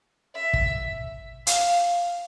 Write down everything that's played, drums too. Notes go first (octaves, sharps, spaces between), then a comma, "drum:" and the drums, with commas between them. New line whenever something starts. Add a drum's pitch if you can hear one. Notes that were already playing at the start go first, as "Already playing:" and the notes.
E5
drum: kick
F5, drum: hi-hat